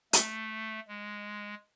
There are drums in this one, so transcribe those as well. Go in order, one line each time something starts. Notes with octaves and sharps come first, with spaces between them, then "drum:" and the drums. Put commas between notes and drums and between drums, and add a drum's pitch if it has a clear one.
A3, drum: hi-hat
G#3